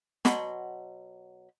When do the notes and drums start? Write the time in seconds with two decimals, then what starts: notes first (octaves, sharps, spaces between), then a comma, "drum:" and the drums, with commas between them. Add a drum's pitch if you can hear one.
0.25 B2 F#3 B5 C6, drum: snare